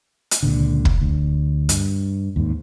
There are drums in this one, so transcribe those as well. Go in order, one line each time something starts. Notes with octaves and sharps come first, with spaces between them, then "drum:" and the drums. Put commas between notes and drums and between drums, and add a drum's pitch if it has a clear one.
drum: hi-hat
C#2 A#2 D3
F1, drum: kick
D2
G2, drum: hi-hat
D#2 G#2